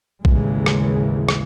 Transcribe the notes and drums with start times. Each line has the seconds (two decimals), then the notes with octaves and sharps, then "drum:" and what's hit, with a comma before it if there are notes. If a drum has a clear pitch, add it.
0.25 A1 D#2 C#3 E3 G#3, drum: kick A#1
0.66 drum: rim click
1.29 drum: rim click